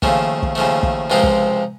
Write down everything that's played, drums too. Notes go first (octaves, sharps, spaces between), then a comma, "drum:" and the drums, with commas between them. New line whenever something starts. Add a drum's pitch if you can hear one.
D#2 C#3 F3 A3, drum: kick
drum: kick
D#2 C#3 F3 A3
drum: kick
C#2 C3 F3 C4 D#4
drum: kick